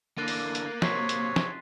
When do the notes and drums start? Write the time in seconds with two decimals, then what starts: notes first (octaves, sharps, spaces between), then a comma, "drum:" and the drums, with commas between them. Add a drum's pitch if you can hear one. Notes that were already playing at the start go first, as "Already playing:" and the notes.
0.18 D3 E3 A#3 F#6 A6 D#7
0.28 drum: open hi-hat
0.55 drum: hi-hat
0.82 C3 F#3 C#5 C6 B6 C7, drum: snare
1.09 drum: hi-hat
1.36 drum: snare